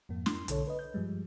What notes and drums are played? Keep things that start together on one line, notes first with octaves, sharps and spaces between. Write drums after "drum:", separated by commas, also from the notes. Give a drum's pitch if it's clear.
F2 G#2 A#3
C6, drum: snare
B1 D3 A4 C#5, drum: hi-hat
B4 D#5
G6
G2 F3 G3 G#3